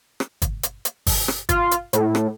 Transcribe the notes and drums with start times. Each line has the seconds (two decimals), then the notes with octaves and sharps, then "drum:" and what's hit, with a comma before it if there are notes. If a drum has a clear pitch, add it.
0.20 drum: rim click
0.42 drum: kick, hi-hat
0.63 drum: hi-hat
0.85 drum: hi-hat
1.07 drum: kick, open hi-hat
1.28 drum: rim click
1.49 F4, drum: kick, hi-hat
1.71 drum: hi-hat
1.93 A2, drum: hi-hat
2.15 drum: rim click